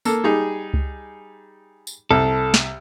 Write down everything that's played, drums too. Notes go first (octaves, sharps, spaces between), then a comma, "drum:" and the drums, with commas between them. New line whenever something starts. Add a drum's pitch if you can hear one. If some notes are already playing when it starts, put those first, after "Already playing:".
A#3 A4, drum: tambourine
G3 D#4 G#4
drum: kick C#2
drum: tambourine
C2 A4
drum: snare